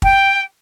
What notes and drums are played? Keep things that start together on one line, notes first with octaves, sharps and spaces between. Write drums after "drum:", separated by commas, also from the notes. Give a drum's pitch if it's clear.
G5, drum: kick